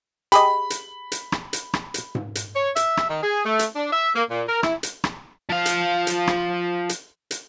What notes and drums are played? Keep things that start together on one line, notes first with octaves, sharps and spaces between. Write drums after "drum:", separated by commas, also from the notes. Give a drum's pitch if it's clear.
G4 G#4 D#5 B5, drum: hi-hat
drum: hi-hat
drum: hi-hat
drum: rim click
drum: hi-hat
drum: rim click
drum: hi-hat
drum: tom G#2
drum: hi-hat
C#5
E5, drum: hi-hat
drum: rim click
D#3
G#4
A3
drum: hi-hat
D4
E5
A#3
A#2
A#4
E4, drum: rim click
drum: hi-hat
drum: rim click
F3 F5
drum: hi-hat
drum: hi-hat
drum: rim click
drum: hi-hat
drum: hi-hat